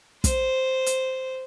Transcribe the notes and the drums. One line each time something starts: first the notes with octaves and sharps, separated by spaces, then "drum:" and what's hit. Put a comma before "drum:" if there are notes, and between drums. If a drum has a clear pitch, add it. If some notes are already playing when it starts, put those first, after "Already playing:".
C5, drum: kick, hi-hat
drum: hi-hat